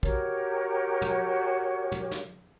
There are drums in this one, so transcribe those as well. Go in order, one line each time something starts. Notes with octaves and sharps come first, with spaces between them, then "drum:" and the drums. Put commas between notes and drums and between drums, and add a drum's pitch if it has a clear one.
F#4 G4 A#4 C#5, drum: kick
drum: tom
drum: tom
drum: snare